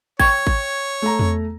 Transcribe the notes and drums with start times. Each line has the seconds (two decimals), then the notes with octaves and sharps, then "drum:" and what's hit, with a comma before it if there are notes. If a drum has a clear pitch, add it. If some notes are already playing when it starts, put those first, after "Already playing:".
0.20 C#5 G5 C#6 E6 G#6, drum: kick G#1
0.47 drum: kick G#1
1.02 A3 A#5
1.19 drum: tom E2